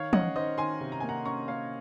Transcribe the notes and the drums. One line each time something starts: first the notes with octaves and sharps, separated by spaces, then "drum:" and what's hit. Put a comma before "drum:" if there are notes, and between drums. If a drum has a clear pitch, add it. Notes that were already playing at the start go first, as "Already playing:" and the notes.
Already playing: D#3 C#5 F5
C#4 D#5 F#5, drum: tom E3
D#3 C5 D#5
D#3 G#5 C6
C3
A#5
A#3 G#5
F#5 A#5
C#4 A#5 C#6
A#3 C#5 F5